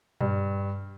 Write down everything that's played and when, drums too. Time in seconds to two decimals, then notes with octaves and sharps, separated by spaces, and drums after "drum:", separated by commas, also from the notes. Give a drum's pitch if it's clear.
0.21 G2, drum: tom A#2